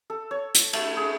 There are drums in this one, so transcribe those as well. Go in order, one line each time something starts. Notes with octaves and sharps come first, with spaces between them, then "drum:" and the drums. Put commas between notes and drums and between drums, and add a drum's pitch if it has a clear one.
A4
C#5
drum: hi-hat
A3, drum: cymbal
G#4